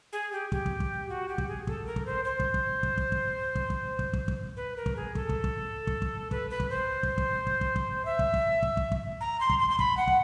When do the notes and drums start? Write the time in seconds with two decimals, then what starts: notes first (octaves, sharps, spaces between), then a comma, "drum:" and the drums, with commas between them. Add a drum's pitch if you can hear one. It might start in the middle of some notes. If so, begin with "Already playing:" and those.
0.13 G#4
0.32 G4
0.52 G4, drum: kick
0.66 drum: kick
0.80 drum: kick
1.09 F#4
1.29 G4
1.38 drum: kick
1.48 G#4
1.67 A4, drum: kick
1.86 A#4
1.96 drum: kick
2.06 C5
2.25 C5
2.40 drum: kick
2.54 drum: kick
2.83 drum: kick
2.98 drum: kick
3.12 drum: kick
3.55 drum: kick
3.70 drum: kick
3.99 drum: kick
4.13 drum: kick
4.28 drum: kick
4.57 B4
4.76 A#4
4.86 drum: kick
4.96 G#4
5.15 A4, drum: kick
5.29 drum: kick
5.44 drum: kick
5.87 drum: kick
6.02 drum: kick
6.31 B4, drum: kick
6.50 B4
6.60 drum: kick
6.70 C5
7.03 drum: kick
7.18 drum: kick
7.47 drum: kick
7.61 drum: kick
7.76 drum: kick
8.05 E5
8.19 drum: kick
8.34 drum: kick
8.63 drum: kick
8.77 drum: kick
8.92 drum: kick
9.21 A#5
9.40 C6
9.49 drum: kick
9.59 C6
9.70 C6
9.79 B5, drum: kick
9.97 F#5
10.07 drum: kick